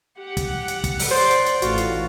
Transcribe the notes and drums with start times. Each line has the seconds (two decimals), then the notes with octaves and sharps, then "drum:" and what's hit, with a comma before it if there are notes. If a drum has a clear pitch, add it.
0.18 G4 F#5
0.37 drum: kick, hi-hat
0.68 drum: hi-hat
0.84 drum: kick, hi-hat
0.99 drum: open hi-hat
1.11 C5 D5 C6
1.31 drum: hi-hat
1.46 drum: hi-hat
1.62 A1 F4 F#4, drum: hi-hat
1.78 drum: hi-hat